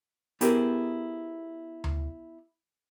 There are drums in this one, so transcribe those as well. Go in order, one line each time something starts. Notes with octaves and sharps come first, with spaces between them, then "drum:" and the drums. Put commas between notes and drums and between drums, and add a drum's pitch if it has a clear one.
B3 E4 G4 G#4 A#4 C5, drum: hi-hat
drum: tom D2